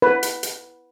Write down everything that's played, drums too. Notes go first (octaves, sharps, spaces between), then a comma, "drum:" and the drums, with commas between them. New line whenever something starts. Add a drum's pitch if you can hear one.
B4
drum: hi-hat
drum: hi-hat